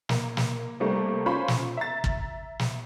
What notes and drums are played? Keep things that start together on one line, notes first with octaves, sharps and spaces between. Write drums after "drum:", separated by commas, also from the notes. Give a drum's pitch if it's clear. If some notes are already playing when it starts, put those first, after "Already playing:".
A#3, drum: snare
drum: snare
C3 G3 A3 A#3
C#4 F4 C5 A#5 B5 C#6
drum: snare
E5 A#5 A6
drum: kick
drum: snare